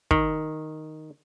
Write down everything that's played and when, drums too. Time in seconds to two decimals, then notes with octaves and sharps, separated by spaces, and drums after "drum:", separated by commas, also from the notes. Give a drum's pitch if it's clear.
0.11 D#3, drum: kick